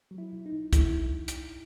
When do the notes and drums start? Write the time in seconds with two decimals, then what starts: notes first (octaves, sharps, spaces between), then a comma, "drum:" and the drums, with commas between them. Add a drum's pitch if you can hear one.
0.11 F#3
0.18 E4
0.32 B1
0.46 D#4
0.52 B1
0.73 G#2 E4, drum: kick, hi-hat
0.93 E4
1.28 drum: hi-hat